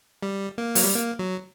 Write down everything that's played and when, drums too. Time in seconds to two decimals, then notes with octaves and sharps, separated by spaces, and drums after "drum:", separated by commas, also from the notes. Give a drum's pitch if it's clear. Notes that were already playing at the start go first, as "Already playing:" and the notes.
0.23 G3
0.58 A#3
0.75 F#3, drum: open hi-hat
0.84 G3
0.95 A#3
1.19 F#3